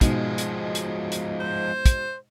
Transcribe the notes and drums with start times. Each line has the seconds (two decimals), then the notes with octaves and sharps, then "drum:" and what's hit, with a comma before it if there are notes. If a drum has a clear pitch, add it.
0.01 G#2 B2 F3 G#3, drum: kick, hi-hat
0.38 drum: hi-hat
0.75 drum: hi-hat
1.12 drum: hi-hat
1.40 C5
1.86 drum: kick, hi-hat